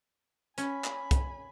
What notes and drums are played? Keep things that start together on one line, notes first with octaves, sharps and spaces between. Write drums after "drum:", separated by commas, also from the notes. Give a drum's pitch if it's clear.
C#4 G#5 B5, drum: hi-hat
drum: clap
drum: kick C2, hi-hat